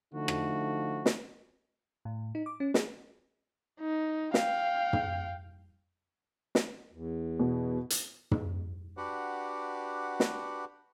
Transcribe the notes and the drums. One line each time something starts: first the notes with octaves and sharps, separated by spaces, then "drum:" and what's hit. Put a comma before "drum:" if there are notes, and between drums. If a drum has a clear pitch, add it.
D3 F3 A3 D#4 F#4
drum: rim click
drum: snare
A2
D#4
D6
C#4
G#4, drum: snare
D#4
F5 G5, drum: snare
drum: tom
drum: snare
E2
B2
drum: hi-hat
drum: tom
D4 F#4 G4 B4 F#5
drum: snare